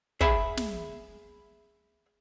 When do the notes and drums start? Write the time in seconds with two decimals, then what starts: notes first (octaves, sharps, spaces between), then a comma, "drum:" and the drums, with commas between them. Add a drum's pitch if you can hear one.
0.21 G#4 E5 B5, drum: kick
0.57 drum: snare